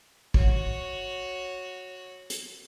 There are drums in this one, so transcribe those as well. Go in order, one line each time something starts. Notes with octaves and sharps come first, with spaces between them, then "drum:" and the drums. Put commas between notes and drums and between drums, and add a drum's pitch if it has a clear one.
F#4 C#5, drum: kick
drum: hi-hat